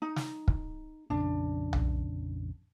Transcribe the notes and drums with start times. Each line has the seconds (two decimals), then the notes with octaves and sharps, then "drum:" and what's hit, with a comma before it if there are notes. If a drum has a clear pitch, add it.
0.02 D#4
0.16 drum: snare
0.48 drum: kick
1.10 A#1 F2 C#3 D4
1.73 drum: tom B1